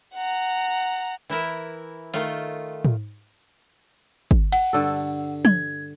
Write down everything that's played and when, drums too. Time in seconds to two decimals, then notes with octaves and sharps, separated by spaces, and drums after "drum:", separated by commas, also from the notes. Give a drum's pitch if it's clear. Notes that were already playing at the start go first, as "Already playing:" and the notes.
0.15 F#5 A#5
1.30 E3 E4 A#4 E5
2.14 D#3 A3 F4, drum: hi-hat
2.85 drum: tom
4.31 drum: kick
4.52 F#5, drum: cymbal
4.73 G2 D3 A4
5.45 G#6, drum: tom